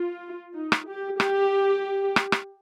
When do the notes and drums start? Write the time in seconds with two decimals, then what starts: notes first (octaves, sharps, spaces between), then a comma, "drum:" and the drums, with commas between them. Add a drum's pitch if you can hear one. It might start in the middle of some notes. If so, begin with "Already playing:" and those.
Already playing: F4
0.56 D#4
0.72 drum: rim click
0.88 G4
1.20 G4, drum: rim click
2.16 drum: rim click
2.32 drum: rim click